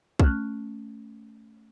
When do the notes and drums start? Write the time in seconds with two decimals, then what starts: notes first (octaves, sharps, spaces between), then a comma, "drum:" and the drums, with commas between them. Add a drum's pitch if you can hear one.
0.19 A3 C#4 F6 F#6, drum: kick